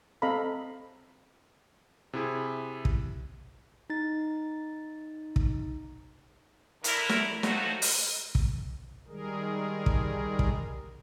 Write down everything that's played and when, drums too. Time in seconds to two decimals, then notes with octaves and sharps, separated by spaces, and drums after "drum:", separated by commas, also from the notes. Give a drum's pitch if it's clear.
0.22 C4 A4 D#5 F5 A#5 B5
2.13 C3 E4 G#4
2.85 drum: kick
3.90 D#4 A6
5.36 drum: kick
6.84 D3 E4 A#4, drum: hi-hat
7.09 drum: snare
7.43 D#3 F3 F#3 A3 D#4 F#4, drum: snare
7.82 drum: open hi-hat
8.35 drum: kick
9.08 D#3 G3 G#3 G#4 A#4
9.86 drum: kick
10.39 drum: kick